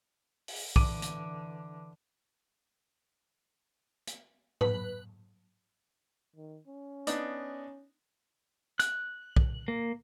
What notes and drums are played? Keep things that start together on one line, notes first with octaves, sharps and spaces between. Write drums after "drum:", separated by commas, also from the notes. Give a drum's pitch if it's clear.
drum: open hi-hat
D3 E3 D6 D#7, drum: kick
drum: hi-hat
drum: hi-hat
B4, drum: tom G#2
D#3
C#4
B3 D4 D#4, drum: hi-hat
F#6, drum: hi-hat
drum: kick
A#3